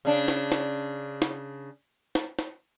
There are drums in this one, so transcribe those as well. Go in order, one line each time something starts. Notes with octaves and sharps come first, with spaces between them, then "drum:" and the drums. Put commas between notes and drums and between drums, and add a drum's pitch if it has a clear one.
C#3 D4
drum: snare
drum: snare
drum: snare
drum: snare
drum: snare